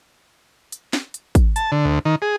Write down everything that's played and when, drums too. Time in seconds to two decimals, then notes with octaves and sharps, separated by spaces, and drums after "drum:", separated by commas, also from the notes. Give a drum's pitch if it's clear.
0.72 drum: hi-hat
0.93 drum: snare
1.14 drum: hi-hat
1.35 drum: kick, hi-hat
1.56 A5, drum: hi-hat
1.72 D3
1.85 D2
2.05 D#3
2.22 G#4